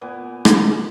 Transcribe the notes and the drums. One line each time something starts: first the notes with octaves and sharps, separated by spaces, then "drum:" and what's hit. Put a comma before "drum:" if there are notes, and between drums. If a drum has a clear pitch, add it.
A#2 B3 G#5
drum: rim click